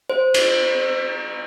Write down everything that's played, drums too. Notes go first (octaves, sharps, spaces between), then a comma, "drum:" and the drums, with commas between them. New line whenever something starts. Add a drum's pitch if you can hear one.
C5
drum: cymbal